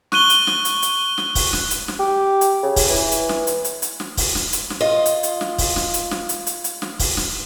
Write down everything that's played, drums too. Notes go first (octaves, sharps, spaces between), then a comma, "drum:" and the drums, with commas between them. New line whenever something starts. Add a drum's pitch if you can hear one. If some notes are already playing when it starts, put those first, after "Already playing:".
C#6 F#6 D#7 G7, drum: snare
drum: hi-hat
drum: snare
drum: hi-hat
drum: hi-hat
drum: snare
drum: kick, open hi-hat
drum: snare
drum: hi-hat
drum: snare
G4
drum: hi-hat
C#3
drum: kick, open hi-hat
E3
drum: hi-hat
drum: snare
drum: hi-hat
drum: hi-hat
drum: hi-hat
drum: snare
drum: kick, open hi-hat
drum: snare
drum: hi-hat
drum: snare
F4 D#5
drum: hi-hat
drum: hi-hat
drum: snare
drum: kick, open hi-hat
drum: snare
drum: hi-hat
drum: snare
drum: hi-hat
drum: hi-hat
drum: hi-hat
drum: snare
drum: kick, open hi-hat
drum: snare